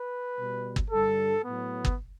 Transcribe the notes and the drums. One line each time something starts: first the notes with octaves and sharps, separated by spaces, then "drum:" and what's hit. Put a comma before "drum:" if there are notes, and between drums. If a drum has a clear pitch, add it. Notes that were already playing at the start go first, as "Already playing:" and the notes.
Already playing: B4
B2 G3
drum: kick
G2 D3 G3 A4
A2 F#3 B3
drum: kick